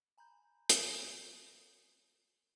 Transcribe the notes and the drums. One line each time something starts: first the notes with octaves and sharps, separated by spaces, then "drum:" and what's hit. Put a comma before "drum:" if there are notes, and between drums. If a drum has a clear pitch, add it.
G#5 A#5 B5 G6
drum: hi-hat